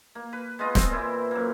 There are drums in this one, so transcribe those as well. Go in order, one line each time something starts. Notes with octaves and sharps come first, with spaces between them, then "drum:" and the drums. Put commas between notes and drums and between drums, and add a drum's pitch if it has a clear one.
A#3
B4
G#3 B3 F4 D#5
C4, drum: snare
A#2 E3 E4
F#2 A#3